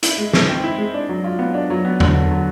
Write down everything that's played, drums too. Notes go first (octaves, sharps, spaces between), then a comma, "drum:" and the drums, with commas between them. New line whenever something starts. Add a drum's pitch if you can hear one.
E4, drum: hi-hat
G#3
G#3, drum: snare
C4
E4
G#3
D4
F#3
F4
B3
D4
F#3
B3
D3, drum: tom E2
D3
F#3